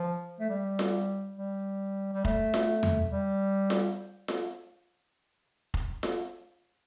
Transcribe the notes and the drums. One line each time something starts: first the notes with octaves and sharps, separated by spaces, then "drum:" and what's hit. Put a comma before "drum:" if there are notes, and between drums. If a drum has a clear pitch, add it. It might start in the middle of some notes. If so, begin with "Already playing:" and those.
Already playing: F3
A3
G3
drum: snare F4
G3
G3
A3, drum: kick F1
drum: snare F4
drum: tom E2
G3
drum: snare F4
drum: snare F4
drum: kick F1
drum: snare F4